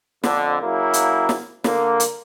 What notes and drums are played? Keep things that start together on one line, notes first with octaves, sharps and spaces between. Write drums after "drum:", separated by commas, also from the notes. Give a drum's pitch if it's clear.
F2 D3, drum: snare
C#3 F#3 A#3 E4
drum: hi-hat
drum: snare
D3 A#3, drum: snare
drum: hi-hat